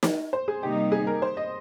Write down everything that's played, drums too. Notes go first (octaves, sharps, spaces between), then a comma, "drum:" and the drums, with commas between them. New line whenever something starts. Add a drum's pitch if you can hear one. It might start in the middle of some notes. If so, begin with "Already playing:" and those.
drum: snare
C5
G#4
C3 D#3 G3 A#3 D#4 G4
G#4
A#4
C5
D#5